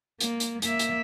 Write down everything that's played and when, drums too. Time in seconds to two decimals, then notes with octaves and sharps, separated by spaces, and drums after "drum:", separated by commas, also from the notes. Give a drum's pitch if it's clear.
0.21 A#3, drum: hi-hat
0.40 drum: hi-hat
0.62 A#3 E5, drum: hi-hat
0.79 drum: hi-hat